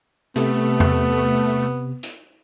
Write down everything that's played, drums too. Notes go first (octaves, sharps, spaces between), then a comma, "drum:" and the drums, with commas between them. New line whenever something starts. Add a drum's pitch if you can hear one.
C3 A3 B3, drum: hi-hat
drum: tom E2
drum: hi-hat